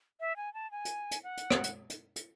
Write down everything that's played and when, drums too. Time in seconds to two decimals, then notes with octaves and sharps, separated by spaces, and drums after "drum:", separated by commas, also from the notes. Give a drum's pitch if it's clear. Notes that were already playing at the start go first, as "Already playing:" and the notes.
0.20 E5
0.37 G#5
0.54 A5
0.71 G#5
0.85 drum: hi-hat
1.11 drum: hi-hat
1.24 F#5
1.37 drum: hi-hat
1.50 drum: rim click
1.64 drum: hi-hat
1.90 drum: hi-hat
2.16 drum: hi-hat